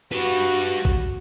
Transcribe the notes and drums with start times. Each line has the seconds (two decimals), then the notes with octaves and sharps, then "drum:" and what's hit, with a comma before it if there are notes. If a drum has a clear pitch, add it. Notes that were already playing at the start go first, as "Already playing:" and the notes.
0.12 G3 F#4 B4
0.85 drum: kick A1